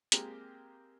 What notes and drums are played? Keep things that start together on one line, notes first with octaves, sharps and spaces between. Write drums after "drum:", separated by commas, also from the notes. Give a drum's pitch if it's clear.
G#3 A#3 C4 G4 A#4, drum: hi-hat